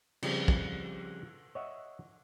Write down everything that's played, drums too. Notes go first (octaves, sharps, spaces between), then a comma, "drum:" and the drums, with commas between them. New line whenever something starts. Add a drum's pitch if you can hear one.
C#3 F3 G3 C4, drum: cymbal
drum: kick
C#5 D#5 E5 F#5